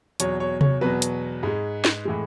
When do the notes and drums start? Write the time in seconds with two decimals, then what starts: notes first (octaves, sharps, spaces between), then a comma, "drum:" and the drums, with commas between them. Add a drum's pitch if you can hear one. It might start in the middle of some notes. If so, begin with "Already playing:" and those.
0.20 E2 B2 F#3 C#5, drum: hi-hat
0.40 C#5
0.61 C#5, drum: tom C3
0.81 E2 B2 F#3 B4
1.02 drum: hi-hat
1.43 G#2 G#3
1.85 drum: snare
2.05 A2 E3 G#3